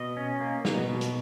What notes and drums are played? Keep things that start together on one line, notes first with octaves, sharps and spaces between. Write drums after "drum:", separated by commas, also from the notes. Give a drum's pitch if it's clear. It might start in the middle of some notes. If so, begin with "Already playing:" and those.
Already playing: B2 D#5
C#4
A#3
B2, drum: snare
B2
drum: hi-hat